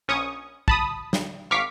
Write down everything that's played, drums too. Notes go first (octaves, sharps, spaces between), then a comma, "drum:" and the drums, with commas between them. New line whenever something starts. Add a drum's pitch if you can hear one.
A#1 C#4 C#6 D#6
A5 B5 D#6, drum: kick
drum: snare
G#1 F5 C#6 D6 B6